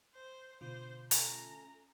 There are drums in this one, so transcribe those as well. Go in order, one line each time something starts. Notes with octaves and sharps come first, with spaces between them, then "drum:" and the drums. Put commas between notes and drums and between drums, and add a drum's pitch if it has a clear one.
C5
B2 D3 F4 C5
A3 C#4 A5 A#5, drum: hi-hat